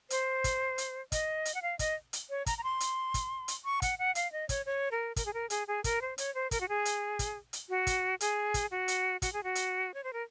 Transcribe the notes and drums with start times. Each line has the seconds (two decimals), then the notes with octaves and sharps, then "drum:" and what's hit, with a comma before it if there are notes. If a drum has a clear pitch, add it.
0.10 C5, drum: hi-hat
0.44 drum: kick, hi-hat
0.78 drum: hi-hat
1.12 D#5, drum: kick, hi-hat
1.45 drum: hi-hat
1.54 F#5
1.62 F5
1.79 D#5, drum: kick, hi-hat
2.13 drum: hi-hat
2.30 C#5
2.46 A#5, drum: kick, hi-hat
2.58 A#5
2.64 C6
2.80 drum: hi-hat
3.14 drum: kick, hi-hat
3.48 drum: hi-hat
3.65 C#6
3.82 F#5, drum: kick, hi-hat
3.99 F#5
4.15 F5, drum: hi-hat
4.32 D#5
4.49 C#5, drum: kick, hi-hat
4.66 C#5
4.91 A#4
5.16 A#4, drum: kick, hi-hat
5.26 G#4
5.34 A#4
5.50 G#4, drum: hi-hat
5.68 G#4
5.84 A#4, drum: kick, hi-hat
6.02 C5
6.18 C#5, drum: hi-hat
6.35 C5
6.51 A#4, drum: kick, hi-hat
6.61 F#4
6.69 G#4
6.85 drum: hi-hat
7.19 drum: kick, hi-hat
7.53 drum: hi-hat
7.69 F#4
7.87 drum: kick, hi-hat
8.20 G#4, drum: hi-hat
8.54 drum: kick, hi-hat
8.71 F#4
8.88 drum: hi-hat
9.22 F#4, drum: kick, hi-hat
9.33 G#4
9.44 F#4
9.55 drum: hi-hat
9.94 C#5
10.04 C5
10.13 A#4